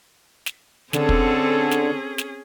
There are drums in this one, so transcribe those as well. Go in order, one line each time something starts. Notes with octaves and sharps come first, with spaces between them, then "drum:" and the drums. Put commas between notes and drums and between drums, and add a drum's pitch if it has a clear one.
drum: snare
D3 C4 C#4 G#4 A4, drum: snare
drum: kick
drum: snare
drum: snare